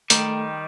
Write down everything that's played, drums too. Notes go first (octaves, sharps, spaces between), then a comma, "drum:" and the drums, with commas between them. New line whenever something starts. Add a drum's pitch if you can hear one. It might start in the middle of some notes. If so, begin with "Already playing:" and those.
D#3 G3 A3, drum: hi-hat